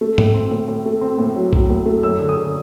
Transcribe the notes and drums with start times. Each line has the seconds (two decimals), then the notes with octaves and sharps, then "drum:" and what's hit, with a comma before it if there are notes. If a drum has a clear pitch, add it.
0.01 A3
0.18 A2, drum: tom G#2
0.34 C4
0.51 A2
0.68 A2
0.86 A3
1.01 C4
1.18 A2
1.35 F#3
1.53 F#3, drum: kick B1
1.69 A2
1.86 A3
2.03 F#2 E6
2.19 D3
2.29 D#6
2.37 D3